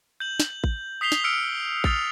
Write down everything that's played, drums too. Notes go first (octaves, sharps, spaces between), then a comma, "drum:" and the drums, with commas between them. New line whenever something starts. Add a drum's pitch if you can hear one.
G6 F#7
drum: snare
drum: kick A1
D#6 B6 C7 F7 G7
drum: snare
E6 F6 C#7 D7
D#6 F6 A6 C#7 F7, drum: kick A1